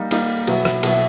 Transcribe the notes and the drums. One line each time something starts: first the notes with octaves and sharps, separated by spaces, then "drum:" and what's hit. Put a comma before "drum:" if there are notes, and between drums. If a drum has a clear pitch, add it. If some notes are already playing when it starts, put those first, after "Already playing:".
Already playing: G3 A#3 D#4
G3 A#3 D#4, drum: cymbal
B2 F#3 B3 E4, drum: cymbal
drum: rim click
B2 F#3 B3 E4, drum: cymbal